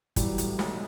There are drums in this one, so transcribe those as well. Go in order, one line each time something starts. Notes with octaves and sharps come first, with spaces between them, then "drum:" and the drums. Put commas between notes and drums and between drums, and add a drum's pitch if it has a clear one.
E3 F#3 G3, drum: kick G1, hi-hat
A2, drum: hi-hat
B1, drum: snare